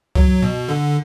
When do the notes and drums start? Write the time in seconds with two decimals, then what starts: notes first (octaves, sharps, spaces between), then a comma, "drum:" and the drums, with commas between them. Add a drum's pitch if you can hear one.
0.15 F#3, drum: kick C#2
0.42 B2
0.68 D3